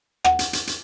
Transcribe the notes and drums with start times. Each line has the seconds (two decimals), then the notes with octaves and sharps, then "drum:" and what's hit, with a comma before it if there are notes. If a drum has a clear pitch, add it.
0.25 F#5, drum: rim click
0.39 drum: hi-hat
0.53 drum: hi-hat
0.67 drum: hi-hat